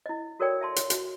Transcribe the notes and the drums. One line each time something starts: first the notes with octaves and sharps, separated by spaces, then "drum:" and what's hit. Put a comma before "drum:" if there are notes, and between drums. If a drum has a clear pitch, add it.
E4 D#5
F#4 A4 A#4 C#5 D5 G5
E5 A5 C6
drum: hi-hat
F#4, drum: hi-hat